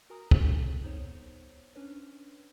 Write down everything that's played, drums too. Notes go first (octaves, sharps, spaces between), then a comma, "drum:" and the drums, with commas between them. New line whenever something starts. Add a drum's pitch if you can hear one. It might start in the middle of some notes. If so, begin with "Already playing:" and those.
F#4 A#4 G#5 A#5 D#6
G3 C4 C#4 A4, drum: kick
B3 D#4 C5 C#5
C#4 D4 B4 C#5